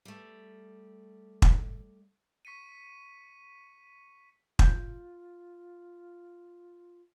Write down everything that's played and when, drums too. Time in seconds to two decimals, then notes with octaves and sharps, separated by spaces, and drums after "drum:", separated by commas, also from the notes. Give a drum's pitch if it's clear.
0.05 G3 A3
1.42 drum: kick
2.45 C#6 B6 C#7 D#7
4.59 F4 G6, drum: kick